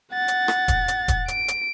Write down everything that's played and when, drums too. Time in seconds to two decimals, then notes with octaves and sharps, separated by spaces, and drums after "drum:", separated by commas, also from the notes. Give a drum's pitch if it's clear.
0.13 F#5 A6
0.28 drum: hi-hat
0.48 drum: rim click
0.68 drum: kick D#1, hi-hat
0.88 drum: hi-hat
1.08 drum: kick D#1, hi-hat
1.28 D7, drum: hi-hat
1.48 drum: hi-hat